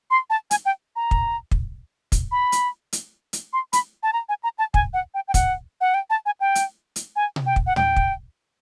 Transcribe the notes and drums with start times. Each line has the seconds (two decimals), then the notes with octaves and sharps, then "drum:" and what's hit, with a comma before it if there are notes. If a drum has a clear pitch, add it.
0.11 C6
0.30 A5
0.51 G#5, drum: hi-hat
0.66 G5
0.96 A#5
1.11 drum: kick
1.51 drum: kick
2.12 drum: kick, hi-hat
2.32 B5
2.52 drum: hi-hat
2.93 drum: hi-hat
3.33 drum: hi-hat
3.53 C6
3.73 B5, drum: hi-hat
4.03 A5
4.13 A#5
4.29 G#5
4.43 A#5
4.58 A5
4.74 G#5, drum: kick
4.94 F#5
5.14 G5
5.28 G5
5.34 F#5, drum: kick, hi-hat
5.81 F#5
5.94 G5
6.10 A5
6.26 G#5
6.40 G5
6.55 drum: hi-hat
6.96 drum: hi-hat
7.16 G#5
7.36 drum: tom B2
7.46 G5
7.56 drum: kick
7.67 F#5
7.76 G5, drum: tom
7.96 drum: kick